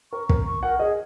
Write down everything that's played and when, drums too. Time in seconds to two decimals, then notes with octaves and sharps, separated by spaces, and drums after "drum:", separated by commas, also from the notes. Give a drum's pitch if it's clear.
0.12 A#4 C#6
0.29 A#4, drum: kick
0.46 C#6
0.63 A#4 F#5
0.80 G#4 D#5